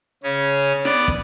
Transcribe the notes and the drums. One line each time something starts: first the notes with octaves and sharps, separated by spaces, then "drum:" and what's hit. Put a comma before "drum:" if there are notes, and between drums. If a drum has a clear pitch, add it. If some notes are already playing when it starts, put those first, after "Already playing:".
C#3 C#4
B3 D5, drum: snare
drum: kick